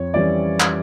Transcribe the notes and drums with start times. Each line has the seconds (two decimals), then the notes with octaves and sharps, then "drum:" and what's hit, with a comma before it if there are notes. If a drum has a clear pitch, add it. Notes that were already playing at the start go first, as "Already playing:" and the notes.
Already playing: F2 C#5
0.14 E3 G3 C#4 E4 D5
0.60 drum: clap